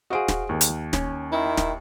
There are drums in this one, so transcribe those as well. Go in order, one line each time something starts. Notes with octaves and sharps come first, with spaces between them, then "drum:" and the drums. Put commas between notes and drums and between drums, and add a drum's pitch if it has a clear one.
F#4 G#4 C5 D#5 F5 D7
drum: snare
D#2
drum: hi-hat
C#4, drum: snare
D#3 E4
drum: snare